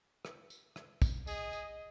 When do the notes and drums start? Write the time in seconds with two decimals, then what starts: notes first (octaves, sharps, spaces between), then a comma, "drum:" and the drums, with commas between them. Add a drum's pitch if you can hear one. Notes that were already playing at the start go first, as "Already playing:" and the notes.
0.25 drum: rim click
0.50 drum: tambourine
0.76 drum: rim click
1.02 drum: kick, tambourine
1.27 G#4 D#5, drum: tambourine
1.53 drum: tambourine